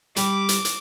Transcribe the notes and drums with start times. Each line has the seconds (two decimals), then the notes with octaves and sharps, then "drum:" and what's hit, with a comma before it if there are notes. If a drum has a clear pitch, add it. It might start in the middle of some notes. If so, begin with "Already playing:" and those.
0.16 G3 D6, drum: hi-hat
0.49 drum: hi-hat
0.65 drum: hi-hat